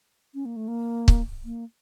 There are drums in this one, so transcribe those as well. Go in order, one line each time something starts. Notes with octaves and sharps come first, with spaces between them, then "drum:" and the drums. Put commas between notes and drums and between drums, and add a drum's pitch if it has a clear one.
C#4
A#3
A3
A#3
drum: kick
A#3